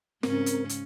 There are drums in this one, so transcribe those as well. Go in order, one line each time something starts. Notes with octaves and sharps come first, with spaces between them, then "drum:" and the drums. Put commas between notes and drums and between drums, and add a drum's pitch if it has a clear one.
G#2 C#3 C4 C#4 A#4, drum: snare
drum: hi-hat
drum: hi-hat